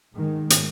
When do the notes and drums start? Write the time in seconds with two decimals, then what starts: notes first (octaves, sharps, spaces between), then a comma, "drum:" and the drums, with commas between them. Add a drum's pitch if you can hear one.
0.13 G#2 D#3 G#3
0.50 drum: hi-hat